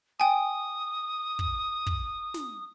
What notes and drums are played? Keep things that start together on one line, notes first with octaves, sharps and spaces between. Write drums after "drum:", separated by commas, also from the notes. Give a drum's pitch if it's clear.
G5 G#5 D#6
drum: kick
drum: kick
drum: snare